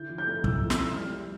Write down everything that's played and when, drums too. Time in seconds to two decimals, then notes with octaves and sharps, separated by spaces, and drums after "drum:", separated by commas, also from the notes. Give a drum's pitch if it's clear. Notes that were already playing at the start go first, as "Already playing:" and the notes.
Already playing: D3 E4 G6
0.10 F3
0.18 G6
0.27 A3
0.44 E4 E6, drum: kick
0.61 F3
0.70 E6, drum: snare
0.79 E4
0.96 G3 F6
1.14 G3